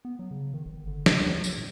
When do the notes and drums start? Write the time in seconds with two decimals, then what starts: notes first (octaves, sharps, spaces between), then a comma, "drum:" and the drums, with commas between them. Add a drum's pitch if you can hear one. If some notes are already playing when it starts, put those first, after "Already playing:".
0.05 B3
0.19 F#3
0.31 C#3
0.54 D#3
0.66 G1
0.87 D3
1.06 D3, drum: snare
1.21 D#2
1.34 F#3
1.44 drum: tambourine
1.57 A2